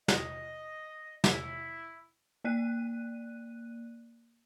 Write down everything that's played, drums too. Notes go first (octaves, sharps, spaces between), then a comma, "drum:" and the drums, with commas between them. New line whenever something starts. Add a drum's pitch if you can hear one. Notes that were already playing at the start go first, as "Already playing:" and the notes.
D#5, drum: snare
E4, drum: snare
A#3 D5 F#6 D#7